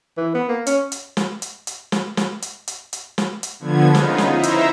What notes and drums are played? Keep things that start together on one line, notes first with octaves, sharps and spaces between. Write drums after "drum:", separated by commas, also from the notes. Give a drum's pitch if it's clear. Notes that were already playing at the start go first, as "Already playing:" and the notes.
E3
B3
A#3
C#4, drum: hi-hat
drum: hi-hat
drum: snare
drum: hi-hat
drum: hi-hat
drum: snare
drum: snare
drum: hi-hat
drum: hi-hat
drum: hi-hat
drum: snare
drum: hi-hat
D3 F3 B3 G#6
C#3 B3 D#4 F4, drum: snare
drum: snare
D#4 E4 C5 E5 A#5
drum: hi-hat